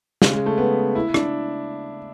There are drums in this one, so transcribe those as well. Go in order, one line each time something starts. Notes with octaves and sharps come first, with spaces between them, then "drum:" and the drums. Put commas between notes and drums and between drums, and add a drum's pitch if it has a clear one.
C#3, drum: snare
G#3
A3
B3
E4
D4, drum: rim click